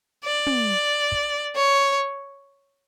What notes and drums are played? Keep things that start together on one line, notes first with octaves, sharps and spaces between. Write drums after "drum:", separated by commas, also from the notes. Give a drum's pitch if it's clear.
D5
drum: tom
drum: kick
C#5